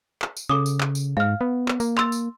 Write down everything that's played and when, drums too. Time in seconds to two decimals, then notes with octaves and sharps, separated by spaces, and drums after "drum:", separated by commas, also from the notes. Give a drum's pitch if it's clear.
0.22 drum: clap
0.37 drum: tambourine
0.49 C#3 A4 D6 D#6
0.66 drum: tambourine
0.80 drum: clap
0.95 drum: tambourine
1.17 G#2 F5 F6
1.41 B3
1.68 drum: clap
1.80 A#3, drum: tambourine
1.98 C6 E6 A6, drum: clap
2.12 drum: tambourine